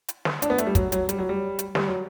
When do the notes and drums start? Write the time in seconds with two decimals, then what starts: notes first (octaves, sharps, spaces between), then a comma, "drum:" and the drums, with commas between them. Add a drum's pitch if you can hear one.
0.09 drum: hi-hat
0.25 drum: snare
0.42 D4, drum: hi-hat
0.50 B3
0.58 A3, drum: hi-hat
0.67 G3
0.75 F#3, drum: kick, hi-hat
0.92 F#3, drum: hi-hat
1.09 G3, drum: hi-hat
1.18 F#3
1.29 G3
1.59 drum: hi-hat
1.75 G3, drum: snare
1.88 F#3